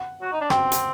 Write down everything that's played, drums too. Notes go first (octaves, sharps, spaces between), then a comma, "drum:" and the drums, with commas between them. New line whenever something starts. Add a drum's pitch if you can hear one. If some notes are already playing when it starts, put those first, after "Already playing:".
Already playing: F#5
F#4
D#4
D4
C4 G5, drum: rim click
drum: hi-hat